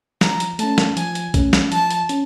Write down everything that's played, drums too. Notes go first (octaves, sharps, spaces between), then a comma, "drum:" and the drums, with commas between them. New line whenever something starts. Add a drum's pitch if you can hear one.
F3 A#5, drum: snare
drum: hi-hat
A3 C#4 A5, drum: hi-hat
drum: snare
F3 G#5, drum: hi-hat
drum: hi-hat
A3 C#4, drum: kick A#1, hi-hat
drum: snare
F3 A5, drum: hi-hat
drum: hi-hat
C#4, drum: hi-hat